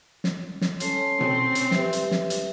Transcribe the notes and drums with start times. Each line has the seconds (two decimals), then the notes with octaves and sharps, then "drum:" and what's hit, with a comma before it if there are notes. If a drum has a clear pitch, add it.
0.24 drum: snare
0.61 drum: snare
0.80 C#4 A4 C#5 A5 C6, drum: hi-hat
1.21 C4, drum: tom B2
1.55 drum: hi-hat
1.71 G4 B4 E5, drum: snare
1.93 drum: hi-hat
2.11 drum: snare
2.30 drum: hi-hat